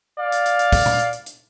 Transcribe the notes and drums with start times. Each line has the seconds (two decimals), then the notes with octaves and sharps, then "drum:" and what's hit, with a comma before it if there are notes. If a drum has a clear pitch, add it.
0.19 D5 F5
0.32 drum: hi-hat
0.46 drum: hi-hat
0.59 drum: hi-hat
0.72 drum: kick, open hi-hat
0.86 drum: tom
0.99 drum: hi-hat
1.13 drum: hi-hat
1.26 drum: hi-hat